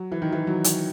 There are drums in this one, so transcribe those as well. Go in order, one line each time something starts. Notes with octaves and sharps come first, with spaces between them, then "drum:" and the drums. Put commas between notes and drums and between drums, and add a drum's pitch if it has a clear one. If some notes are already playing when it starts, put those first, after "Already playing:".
Already playing: F#3
E3
D#3
E3
F#3
drum: hi-hat